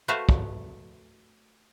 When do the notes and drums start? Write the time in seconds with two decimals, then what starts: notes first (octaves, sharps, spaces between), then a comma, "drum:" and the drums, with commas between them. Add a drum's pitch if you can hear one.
0.08 A3 F#4 B4 C5 E5 F5
0.29 drum: kick